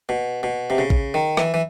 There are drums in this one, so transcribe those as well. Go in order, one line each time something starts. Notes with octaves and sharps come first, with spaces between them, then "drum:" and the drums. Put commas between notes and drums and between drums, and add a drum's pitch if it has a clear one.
B2
B2
C3
C#3
drum: kick
D#3
E3, drum: rim click
E3